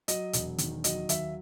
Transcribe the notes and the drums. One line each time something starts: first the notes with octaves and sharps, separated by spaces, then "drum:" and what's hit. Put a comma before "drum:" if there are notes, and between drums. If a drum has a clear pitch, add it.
F#3 D#5, drum: hi-hat
E1, drum: hi-hat
D#3, drum: hi-hat
F#3 D#5, drum: hi-hat
D#2 E5, drum: hi-hat